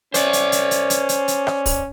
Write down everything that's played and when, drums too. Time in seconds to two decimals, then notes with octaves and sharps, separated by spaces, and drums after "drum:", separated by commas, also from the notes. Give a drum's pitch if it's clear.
0.14 C#4 C5 D5, drum: hi-hat
0.33 drum: hi-hat
0.52 drum: hi-hat
0.71 drum: hi-hat
0.90 drum: hi-hat
1.09 drum: hi-hat
1.28 drum: hi-hat
1.47 drum: rim click
1.66 drum: kick, open hi-hat